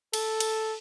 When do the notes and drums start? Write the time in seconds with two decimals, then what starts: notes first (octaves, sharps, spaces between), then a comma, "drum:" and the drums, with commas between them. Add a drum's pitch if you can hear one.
0.13 A4, drum: cymbal
0.40 drum: cymbal